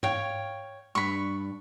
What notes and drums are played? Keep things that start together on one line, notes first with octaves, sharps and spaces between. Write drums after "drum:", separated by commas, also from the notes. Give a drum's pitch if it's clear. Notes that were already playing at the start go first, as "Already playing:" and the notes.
C#5 F5 G5, drum: tom G#2
G2 D4 B5 C#6